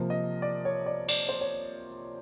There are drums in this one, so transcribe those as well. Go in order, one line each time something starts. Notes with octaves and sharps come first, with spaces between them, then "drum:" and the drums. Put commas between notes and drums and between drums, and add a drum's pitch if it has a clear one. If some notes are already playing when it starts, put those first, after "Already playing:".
Already playing: C3 F3 A#3
D#5
D5
C#5
D5
D5, drum: cymbal
C5
C#5